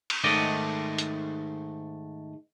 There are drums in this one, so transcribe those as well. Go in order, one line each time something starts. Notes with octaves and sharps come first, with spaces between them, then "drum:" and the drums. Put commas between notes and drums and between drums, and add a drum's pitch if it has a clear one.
drum: cymbal
G#2 D#3 A3 D5 D#5
drum: hi-hat